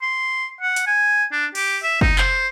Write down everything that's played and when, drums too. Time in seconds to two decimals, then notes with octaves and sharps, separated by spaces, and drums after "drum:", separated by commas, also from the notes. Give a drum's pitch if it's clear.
0.02 C6
0.61 F#5
0.76 drum: hi-hat
0.87 G#5
1.32 D4
1.55 G4, drum: cymbal
1.83 E5
2.01 D#4, drum: kick F#1
2.18 C5, drum: clap